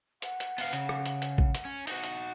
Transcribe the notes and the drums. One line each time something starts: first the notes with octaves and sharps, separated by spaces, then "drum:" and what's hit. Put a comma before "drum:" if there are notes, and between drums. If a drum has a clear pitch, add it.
F#5, drum: hi-hat
drum: hi-hat
B3 F5, drum: open hi-hat
C#3, drum: hi-hat
drum: rim click
drum: hi-hat
drum: hi-hat
drum: kick
drum: hi-hat
C#4
D#4 F#4, drum: open hi-hat
drum: hi-hat